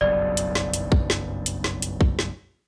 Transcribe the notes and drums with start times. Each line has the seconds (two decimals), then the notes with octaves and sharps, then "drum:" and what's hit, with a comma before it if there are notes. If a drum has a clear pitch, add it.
0.01 F#1 B1 G2 D5
0.37 drum: hi-hat
0.55 drum: snare
0.74 drum: hi-hat
0.92 drum: kick
1.10 drum: snare
1.46 drum: hi-hat
1.64 drum: snare
1.82 drum: hi-hat
2.01 drum: kick
2.19 drum: snare